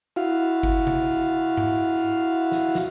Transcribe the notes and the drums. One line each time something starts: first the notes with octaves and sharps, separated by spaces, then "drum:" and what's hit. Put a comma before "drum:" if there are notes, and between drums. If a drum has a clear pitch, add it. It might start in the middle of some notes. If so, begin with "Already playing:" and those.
E4 F#4 F5
drum: kick G1
drum: tom C3
drum: tom G#2
drum: snare
drum: snare